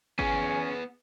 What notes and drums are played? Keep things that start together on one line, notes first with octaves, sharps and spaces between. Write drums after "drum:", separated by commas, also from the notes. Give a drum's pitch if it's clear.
B3 C#4 G#4, drum: kick G1